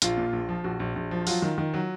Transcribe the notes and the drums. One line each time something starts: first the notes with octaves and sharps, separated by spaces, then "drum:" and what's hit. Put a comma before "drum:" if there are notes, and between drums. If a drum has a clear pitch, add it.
A#1 F4, drum: hi-hat
A#2
A#1
F3
A#1 F#4
A#1
A#1
F3
F#3 F4, drum: open hi-hat
D#3
D#3
F#3